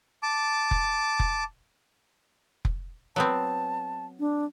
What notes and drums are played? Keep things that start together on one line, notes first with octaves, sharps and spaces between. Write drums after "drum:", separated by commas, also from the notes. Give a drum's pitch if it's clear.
A5 D6
drum: kick F1
drum: kick F1
drum: kick F1
F#3 B3 C4 A5
D4